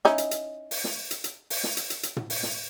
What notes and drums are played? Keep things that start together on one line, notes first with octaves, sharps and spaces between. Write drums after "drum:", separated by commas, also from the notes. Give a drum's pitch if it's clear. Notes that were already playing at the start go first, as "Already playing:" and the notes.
C#4 D#4 E4, drum: snare
drum: hi-hat
drum: hi-hat
drum: open hi-hat
drum: snare
drum: hi-hat
drum: hi-hat
drum: open hi-hat
drum: snare
drum: hi-hat
drum: hi-hat
drum: hi-hat
drum: tom
drum: open hi-hat
drum: snare